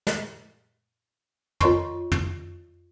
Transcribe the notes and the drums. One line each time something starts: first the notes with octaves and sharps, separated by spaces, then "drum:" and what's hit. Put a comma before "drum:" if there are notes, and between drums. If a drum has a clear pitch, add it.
drum: snare
F4 C#5 D#5 C6 C#6, drum: tom
drum: tom